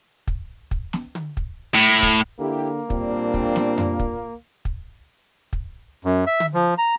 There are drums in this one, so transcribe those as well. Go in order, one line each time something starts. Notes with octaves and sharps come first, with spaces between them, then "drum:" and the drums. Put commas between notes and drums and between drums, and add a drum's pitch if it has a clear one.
drum: kick
drum: kick
drum: snare
drum: tom D3
drum: kick
A2
drum: kick
D3 A#3 E4 G4
A#2 G3 C4 D4, drum: kick
drum: kick
drum: snare
drum: tom F2
drum: kick
drum: kick
drum: kick
F#2
E5
drum: tom D3
F3
A#5